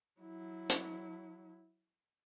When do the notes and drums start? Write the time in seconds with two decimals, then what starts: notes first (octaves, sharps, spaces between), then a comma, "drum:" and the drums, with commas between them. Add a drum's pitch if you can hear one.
0.21 F#3 E4
0.69 drum: hi-hat